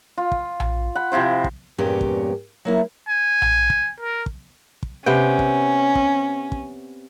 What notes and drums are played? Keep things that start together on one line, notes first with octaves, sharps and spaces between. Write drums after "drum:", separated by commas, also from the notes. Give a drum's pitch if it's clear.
F4
drum: kick
drum: tom A#1
F#5 B5
C3 F3 E4 C5
drum: kick
E2 G2 A#2 C#4 G4 C#5
drum: kick
F#3 A#3 E4
G#5
drum: tom A#1
drum: kick
A#4
drum: kick
drum: kick
C3 B3 C#4 G5
drum: kick
drum: kick
drum: kick